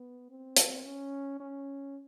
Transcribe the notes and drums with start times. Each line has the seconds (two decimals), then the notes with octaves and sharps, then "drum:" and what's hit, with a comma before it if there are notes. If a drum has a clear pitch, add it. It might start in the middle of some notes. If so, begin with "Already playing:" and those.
Already playing: B3
0.30 C4
0.57 drum: hi-hat
0.85 C#4
1.40 C#4